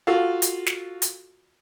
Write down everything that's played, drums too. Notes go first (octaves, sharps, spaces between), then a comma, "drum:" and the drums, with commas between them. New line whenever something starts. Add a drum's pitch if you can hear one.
F4 F#4 A4 F5
drum: hi-hat
drum: snare
drum: hi-hat